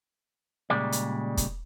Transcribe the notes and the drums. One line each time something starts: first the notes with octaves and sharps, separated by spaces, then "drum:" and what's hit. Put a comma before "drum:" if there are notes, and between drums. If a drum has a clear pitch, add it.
A#2 C#3 G3 G#3 D5
drum: hi-hat
drum: kick, hi-hat